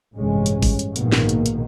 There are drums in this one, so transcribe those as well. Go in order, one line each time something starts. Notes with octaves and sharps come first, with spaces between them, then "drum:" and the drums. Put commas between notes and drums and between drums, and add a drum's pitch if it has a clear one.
A1 G2 C3 G#3 C#4
drum: hi-hat
drum: kick, open hi-hat
drum: hi-hat
A#1 G#2 B2 D#3 A#3, drum: hi-hat
drum: snare
drum: hi-hat
drum: hi-hat